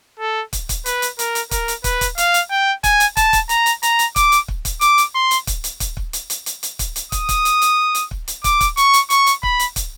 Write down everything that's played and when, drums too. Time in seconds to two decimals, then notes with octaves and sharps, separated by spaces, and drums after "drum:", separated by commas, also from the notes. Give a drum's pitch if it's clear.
0.20 A4
0.53 drum: kick, hi-hat
0.69 drum: kick, hi-hat
0.86 B4, drum: hi-hat
1.02 drum: hi-hat
1.19 A#4, drum: hi-hat
1.35 drum: hi-hat
1.51 A#4, drum: kick, hi-hat
1.68 drum: hi-hat
1.84 B4, drum: kick, hi-hat
2.01 drum: kick, hi-hat
2.18 F5, drum: hi-hat
2.34 drum: hi-hat
2.51 G5
2.84 G#5, drum: kick, hi-hat
3.00 drum: hi-hat
3.17 A5, drum: kick, hi-hat
3.33 drum: kick, hi-hat
3.49 A#5, drum: hi-hat
3.66 drum: hi-hat
3.83 A#5, drum: hi-hat
3.99 drum: hi-hat
4.16 D6, drum: kick, hi-hat
4.32 drum: hi-hat
4.48 drum: kick
4.65 drum: kick, hi-hat
4.81 D6, drum: hi-hat
4.98 drum: hi-hat
5.15 C6
5.31 drum: hi-hat
5.47 drum: kick, hi-hat
5.64 drum: hi-hat
5.80 drum: kick, hi-hat
5.97 drum: kick
6.13 drum: hi-hat
6.30 drum: hi-hat
6.46 drum: hi-hat
6.63 drum: hi-hat
6.79 drum: kick, hi-hat
6.96 drum: hi-hat
7.12 D#6, drum: kick, hi-hat
7.29 drum: kick, hi-hat
7.45 drum: hi-hat
7.62 drum: hi-hat
7.95 drum: hi-hat
8.11 drum: kick
8.28 drum: hi-hat
8.44 D6, drum: kick, hi-hat
8.61 drum: kick, hi-hat
8.77 C#6, drum: hi-hat
8.94 drum: hi-hat
9.10 C#6, drum: hi-hat
9.26 drum: hi-hat
9.43 B5, drum: kick
9.59 drum: hi-hat
9.76 drum: kick, hi-hat